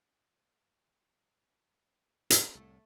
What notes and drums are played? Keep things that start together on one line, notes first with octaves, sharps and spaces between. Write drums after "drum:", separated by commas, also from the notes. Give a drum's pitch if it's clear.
drum: hi-hat
C2 A2 A3 A4